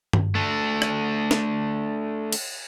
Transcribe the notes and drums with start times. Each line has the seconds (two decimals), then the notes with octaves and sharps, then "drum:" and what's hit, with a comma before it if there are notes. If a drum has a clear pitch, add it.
0.13 drum: tom G2
0.35 A3 D4
0.82 drum: rim click
1.31 drum: snare
2.32 drum: cymbal